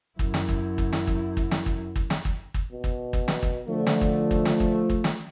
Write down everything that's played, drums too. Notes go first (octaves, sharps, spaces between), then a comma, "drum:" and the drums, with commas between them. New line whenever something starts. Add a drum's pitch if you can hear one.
F#2 E4, drum: kick
drum: snare
drum: kick
drum: kick
drum: snare
drum: kick
drum: kick
drum: snare
drum: kick
drum: kick
drum: snare
drum: kick
drum: kick
B2
drum: kick
drum: kick
drum: snare
drum: kick
D3 F3 A3
drum: snare
drum: kick
drum: kick
drum: snare
drum: kick
drum: kick
drum: snare